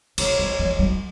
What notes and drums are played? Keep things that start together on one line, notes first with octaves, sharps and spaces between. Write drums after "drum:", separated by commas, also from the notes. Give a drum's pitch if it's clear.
C#3 C#5, drum: cymbal
F3
F3
F#3